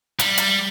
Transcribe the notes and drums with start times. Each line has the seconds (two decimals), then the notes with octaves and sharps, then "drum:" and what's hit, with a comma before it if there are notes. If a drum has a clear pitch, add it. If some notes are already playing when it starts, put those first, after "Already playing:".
0.19 G3, drum: hi-hat
0.38 drum: hi-hat